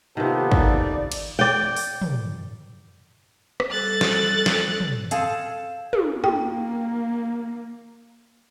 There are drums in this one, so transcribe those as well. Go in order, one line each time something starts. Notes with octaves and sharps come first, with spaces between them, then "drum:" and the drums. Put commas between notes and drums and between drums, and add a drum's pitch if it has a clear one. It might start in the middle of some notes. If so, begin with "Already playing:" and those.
C3 D#3 A#3 B3 F4 G4 A4
D#4 D5, drum: kick
drum: cymbal
D5 G5
drum: open hi-hat
drum: tom
drum: rim click
G3 A4 F#6 A6
drum: snare
drum: snare
drum: tom
C4 G#4 A4 F5 A5, drum: hi-hat
drum: tom
A#3 G5, drum: tom